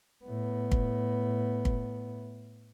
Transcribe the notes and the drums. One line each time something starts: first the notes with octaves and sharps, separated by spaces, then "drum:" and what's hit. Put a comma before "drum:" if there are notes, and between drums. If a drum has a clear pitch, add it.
A2 B3
drum: kick
drum: kick